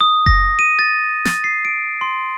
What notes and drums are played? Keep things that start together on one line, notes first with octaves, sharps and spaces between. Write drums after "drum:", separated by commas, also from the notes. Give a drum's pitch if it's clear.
D#6
A#6, drum: kick F#1
D#7
A6
A6, drum: snare
C7
D7
C6